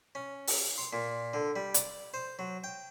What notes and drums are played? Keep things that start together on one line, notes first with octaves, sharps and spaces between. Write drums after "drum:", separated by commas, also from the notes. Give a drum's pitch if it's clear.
C#4
drum: open hi-hat
C6
A#2
D3
G3
D5, drum: hi-hat
C5
F#3
G5